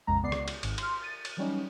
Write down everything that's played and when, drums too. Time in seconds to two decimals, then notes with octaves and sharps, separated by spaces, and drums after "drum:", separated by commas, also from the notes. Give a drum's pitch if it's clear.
0.07 A#1 F2 C#3 G#3 A#5
0.23 C#2 B3 D5 C7
0.32 drum: rim click
0.48 drum: cymbal
0.63 G#1 G#2, drum: cymbal
0.78 C6 F6, drum: cymbal
1.02 A6 D#7
1.25 drum: cymbal
1.37 E3 F#3 G3 C#4 D#4